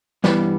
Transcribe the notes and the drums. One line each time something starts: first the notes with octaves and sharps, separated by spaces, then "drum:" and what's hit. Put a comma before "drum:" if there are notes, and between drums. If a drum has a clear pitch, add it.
G2 E3 G3 B3, drum: snare